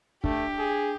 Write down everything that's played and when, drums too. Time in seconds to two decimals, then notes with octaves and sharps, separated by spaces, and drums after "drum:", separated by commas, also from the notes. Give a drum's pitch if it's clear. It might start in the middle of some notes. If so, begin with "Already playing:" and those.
0.24 A3 D4 G4, drum: kick
0.59 G#4